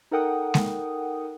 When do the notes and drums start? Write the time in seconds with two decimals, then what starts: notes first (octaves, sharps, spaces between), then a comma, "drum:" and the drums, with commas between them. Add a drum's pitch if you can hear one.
0.11 D#4 A4 A#4 F#5 G5 D#6
0.54 drum: snare G#3